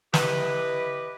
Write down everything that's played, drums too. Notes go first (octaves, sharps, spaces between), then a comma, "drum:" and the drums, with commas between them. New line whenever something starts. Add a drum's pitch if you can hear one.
E4 G4 B4 D#5, drum: snare